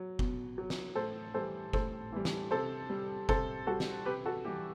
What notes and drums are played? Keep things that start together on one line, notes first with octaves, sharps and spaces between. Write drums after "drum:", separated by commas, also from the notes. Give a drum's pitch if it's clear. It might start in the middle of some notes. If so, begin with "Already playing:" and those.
Already playing: F#3
B2, drum: kick F#1
F#3
drum: snare
A2 A4 C5
E3 G3 A4 C5
A2 A4 C5, drum: kick F#1
E3 G3
drum: snare
C3 A4 C5
G3
C3 A4 C5, drum: kick F#1
G3 F#4 A4
drum: snare
C3 G4 B4
F#4 A4
E3 G3 G4